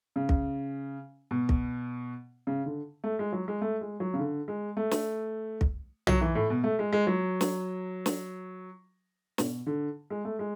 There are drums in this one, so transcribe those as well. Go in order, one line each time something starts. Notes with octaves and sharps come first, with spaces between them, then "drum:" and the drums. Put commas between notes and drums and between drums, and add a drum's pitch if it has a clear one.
C#3
drum: kick
B2
drum: kick
C#3
D3
A3
G#3
F#3
G#3
A3
G#3
F#3
C#3
D3
G#3
A3
drum: snare
drum: kick
F#3, drum: tom
E3
A2
B2
A3
G#3
G#3
F#3
drum: snare
drum: snare
B2, drum: snare
D3
G#3
A3
G#3